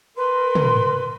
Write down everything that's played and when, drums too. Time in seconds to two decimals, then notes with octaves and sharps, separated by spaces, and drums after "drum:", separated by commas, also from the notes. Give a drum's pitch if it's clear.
0.17 A#4 B4 C6
0.55 drum: tom